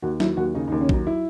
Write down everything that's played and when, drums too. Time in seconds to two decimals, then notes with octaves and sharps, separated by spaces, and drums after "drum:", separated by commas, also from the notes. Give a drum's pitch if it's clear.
0.02 D#2 F#4
0.20 F#3 E4, drum: snare
0.37 D#2 F#4
0.54 C#3 D#4
0.68 D#4
0.72 D#2
0.81 C#4
0.89 F#3 D#4, drum: kick
1.07 E4